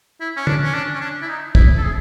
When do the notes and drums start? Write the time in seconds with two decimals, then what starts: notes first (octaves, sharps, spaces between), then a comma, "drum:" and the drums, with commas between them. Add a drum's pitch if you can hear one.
0.20 E4
0.37 C#4
0.47 D4, drum: tom
0.63 C#4
0.74 D4
0.95 C#4
1.01 D4
1.22 E4
1.28 D#4
1.55 E4, drum: kick
1.77 A4
1.83 G#4